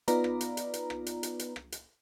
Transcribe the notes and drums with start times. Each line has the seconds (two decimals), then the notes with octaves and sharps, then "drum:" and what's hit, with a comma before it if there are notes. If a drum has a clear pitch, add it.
0.08 B3 D#4 F4 B4 D5 A#5, drum: hi-hat
0.24 drum: rim click
0.41 drum: hi-hat
0.57 drum: hi-hat
0.74 drum: hi-hat
0.90 drum: rim click
1.06 drum: hi-hat
1.23 drum: hi-hat
1.39 drum: hi-hat
1.56 drum: rim click
1.72 drum: hi-hat